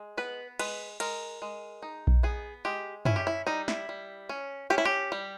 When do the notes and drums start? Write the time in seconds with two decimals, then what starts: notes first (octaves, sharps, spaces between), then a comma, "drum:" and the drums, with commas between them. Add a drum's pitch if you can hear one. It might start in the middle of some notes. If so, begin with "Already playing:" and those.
Already playing: G#3
0.17 B3 B4
0.59 G#3 B4, drum: cymbal
1.00 G#3 A#4, drum: cymbal
1.42 G#3
1.82 D#4
2.07 drum: kick A#1
2.23 B3 G#4
2.65 G#3 G4
3.05 C#4 E4, drum: tom
3.16 G4
3.27 E4
3.47 G3 D#4
3.68 E4, drum: snare
3.89 G3
4.29 C#4
4.70 C#4 G4
4.78 E4
4.85 G4
5.12 G3